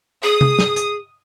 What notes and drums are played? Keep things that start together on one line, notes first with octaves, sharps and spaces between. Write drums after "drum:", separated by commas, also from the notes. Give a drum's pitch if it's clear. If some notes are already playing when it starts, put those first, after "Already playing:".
G#4 D#6
drum: tom C3
drum: snare
drum: hi-hat